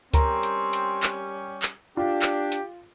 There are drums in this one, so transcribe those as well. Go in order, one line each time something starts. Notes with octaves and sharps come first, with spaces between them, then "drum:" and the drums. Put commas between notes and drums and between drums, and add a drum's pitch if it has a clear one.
G3 C4 C#4 G4 A#4 A#5, drum: kick C#2, hi-hat
drum: hi-hat
drum: hi-hat
drum: clap
drum: clap
D4 F4 G4
drum: clap
drum: hi-hat